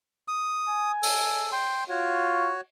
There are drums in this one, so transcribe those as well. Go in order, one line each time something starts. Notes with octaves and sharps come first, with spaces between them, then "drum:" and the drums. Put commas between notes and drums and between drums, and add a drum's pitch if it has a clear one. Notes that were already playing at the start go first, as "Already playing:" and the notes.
D#6
G#5
A4, drum: open hi-hat
G5 C6
F4 F#4 C#5